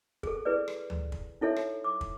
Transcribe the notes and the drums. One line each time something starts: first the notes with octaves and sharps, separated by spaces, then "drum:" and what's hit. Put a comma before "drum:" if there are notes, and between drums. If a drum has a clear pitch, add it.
G#4 A4, drum: kick
E4 G#4 B4 D5
drum: rim click
drum: tom D2
drum: kick
D#4 E4 A4 C#5 E5
drum: rim click
D6
drum: kick